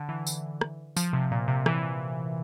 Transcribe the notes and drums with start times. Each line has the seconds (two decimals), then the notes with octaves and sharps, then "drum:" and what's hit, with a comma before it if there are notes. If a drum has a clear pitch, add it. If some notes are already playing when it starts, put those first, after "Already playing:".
Already playing: D3
0.09 E3
0.27 drum: tambourine
0.61 drum: rim click
0.97 F3, drum: tambourine
1.13 C3
1.31 A#2
1.48 C3
1.66 E3, drum: rim click